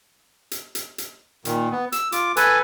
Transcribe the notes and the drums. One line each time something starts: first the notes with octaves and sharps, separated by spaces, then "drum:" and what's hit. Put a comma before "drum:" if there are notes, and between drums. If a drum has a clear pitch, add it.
drum: hi-hat
drum: hi-hat
drum: hi-hat
A#2 D#3, drum: hi-hat
B3
E6, drum: hi-hat
F4 D6, drum: hi-hat
A4 B4 G#5, drum: hi-hat